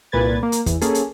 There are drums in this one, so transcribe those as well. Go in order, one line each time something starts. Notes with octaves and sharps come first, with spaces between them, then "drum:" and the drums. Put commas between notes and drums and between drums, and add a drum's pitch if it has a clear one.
C2 A#2 B4 G#6 A6
A#3
drum: hi-hat
E2, drum: kick, hi-hat
A#3 C#4 G#4 A4, drum: hi-hat
drum: hi-hat